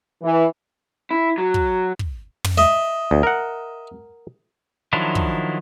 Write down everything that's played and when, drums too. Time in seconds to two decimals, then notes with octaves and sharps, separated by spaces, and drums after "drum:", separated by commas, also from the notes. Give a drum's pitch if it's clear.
0.23 E3
1.11 E4
1.38 F#3
1.54 drum: kick
1.99 drum: kick
2.44 drum: tom
2.58 D#5 E5
3.11 D2
3.23 A#4 F#5
4.93 D#3 F3 F#3 D4 E4
5.15 drum: kick